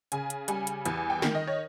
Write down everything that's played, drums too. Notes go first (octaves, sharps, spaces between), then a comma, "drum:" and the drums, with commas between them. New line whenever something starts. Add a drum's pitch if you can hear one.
C#3 G#5, drum: hi-hat
drum: hi-hat
G3 G#5, drum: hi-hat
drum: hi-hat
E2 G#5, drum: hi-hat
G5
D#3, drum: snare
D#5
C#5